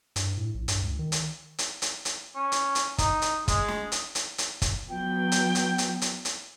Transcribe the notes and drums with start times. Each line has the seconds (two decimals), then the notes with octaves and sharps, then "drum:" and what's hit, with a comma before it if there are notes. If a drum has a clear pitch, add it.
0.16 G2, drum: hi-hat
0.37 A2
0.55 A#1
0.68 G2, drum: hi-hat
0.83 C#2
0.99 D#3
1.12 drum: hi-hat
1.58 drum: hi-hat
1.82 drum: hi-hat
2.05 drum: hi-hat
2.36 C#4
2.52 drum: hi-hat
2.75 drum: hi-hat
2.98 D#4, drum: kick, hi-hat
3.22 drum: hi-hat
3.48 G#3, drum: kick, hi-hat
3.68 drum: snare
3.92 drum: hi-hat
4.15 drum: hi-hat
4.38 drum: hi-hat
4.62 drum: kick, hi-hat
4.89 F#3 B3 G5
5.32 drum: hi-hat
5.55 drum: hi-hat
5.78 drum: hi-hat
6.02 drum: hi-hat
6.25 drum: hi-hat